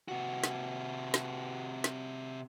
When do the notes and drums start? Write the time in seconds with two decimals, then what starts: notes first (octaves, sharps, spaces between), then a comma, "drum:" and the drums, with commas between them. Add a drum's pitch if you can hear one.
0.08 C3 F#4
0.44 drum: snare
1.14 drum: snare
1.84 drum: snare